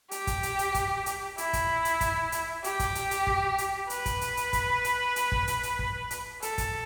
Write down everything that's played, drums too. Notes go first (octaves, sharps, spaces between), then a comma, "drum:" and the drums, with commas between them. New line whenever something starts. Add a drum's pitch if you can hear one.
G4, drum: hi-hat
drum: kick, hi-hat
drum: hi-hat
drum: hi-hat
drum: kick, hi-hat
drum: hi-hat
E4, drum: hi-hat
drum: kick, hi-hat
drum: hi-hat
drum: kick, hi-hat
drum: hi-hat
G4, drum: hi-hat
drum: kick, hi-hat
drum: hi-hat
drum: hi-hat
drum: kick
drum: hi-hat
B4, drum: hi-hat
drum: kick, hi-hat
drum: hi-hat
drum: hi-hat
drum: kick, hi-hat
drum: hi-hat
drum: hi-hat
drum: kick
drum: hi-hat
drum: hi-hat
drum: kick
drum: hi-hat
A4, drum: hi-hat
drum: kick, hi-hat